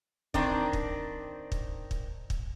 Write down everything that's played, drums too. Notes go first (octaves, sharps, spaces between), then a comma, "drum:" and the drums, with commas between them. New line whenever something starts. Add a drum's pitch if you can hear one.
D#3 C4 D4, drum: kick
drum: kick
drum: kick
drum: kick
drum: kick